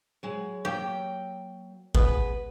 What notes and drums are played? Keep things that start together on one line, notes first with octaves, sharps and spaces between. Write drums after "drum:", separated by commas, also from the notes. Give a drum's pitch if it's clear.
F#3 G#3
F#3 A#3 G4 G5
G#3 B3 B4, drum: kick